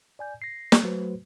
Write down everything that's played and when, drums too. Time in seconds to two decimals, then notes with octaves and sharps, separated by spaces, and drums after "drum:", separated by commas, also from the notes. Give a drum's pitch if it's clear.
0.19 D5 G#5 G6
0.42 A#6 C7
0.72 drum: snare
0.84 F#3 A3 F#4 B4 C5